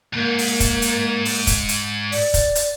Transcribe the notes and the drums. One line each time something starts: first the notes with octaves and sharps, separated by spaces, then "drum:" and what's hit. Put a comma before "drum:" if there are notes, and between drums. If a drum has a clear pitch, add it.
D2 G#2 A#3
drum: open hi-hat
drum: kick, hi-hat
drum: hi-hat
drum: open hi-hat
drum: kick, hi-hat
drum: hi-hat
D5, drum: open hi-hat
drum: kick, hi-hat
drum: hi-hat